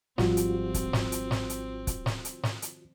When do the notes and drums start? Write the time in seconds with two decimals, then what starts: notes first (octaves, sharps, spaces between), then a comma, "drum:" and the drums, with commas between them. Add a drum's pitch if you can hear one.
0.18 G#1 F3 G3 C4 F4 F#4, drum: snare
0.37 drum: hi-hat
0.74 drum: kick, hi-hat
0.93 drum: snare
1.12 drum: hi-hat
1.31 drum: snare
1.50 drum: hi-hat
1.87 drum: kick, hi-hat
2.06 drum: snare
2.25 drum: hi-hat
2.43 drum: snare
2.62 drum: hi-hat